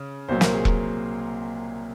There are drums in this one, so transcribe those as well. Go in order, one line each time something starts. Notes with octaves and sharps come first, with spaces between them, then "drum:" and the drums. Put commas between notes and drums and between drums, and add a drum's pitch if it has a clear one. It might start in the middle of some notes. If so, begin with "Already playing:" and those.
Already playing: C#3
C2 A#2 F#3 C5
A#4, drum: snare
G#4
A#4, drum: kick E1